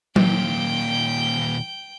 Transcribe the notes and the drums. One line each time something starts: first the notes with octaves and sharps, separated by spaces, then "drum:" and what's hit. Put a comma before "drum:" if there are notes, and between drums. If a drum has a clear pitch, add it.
D#2 A#2 G5 G6, drum: tom F#3